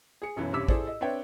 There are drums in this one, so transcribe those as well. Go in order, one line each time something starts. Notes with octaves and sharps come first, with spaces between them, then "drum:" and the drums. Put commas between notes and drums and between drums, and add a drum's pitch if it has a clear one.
G#4 C#7
B1 F#2 E3
C2 G2 C#4 D6 E6 B6
E4 G#4 A4 C5 D5, drum: kick A1
D#5
C4 D4 B4 C#5 E5 G5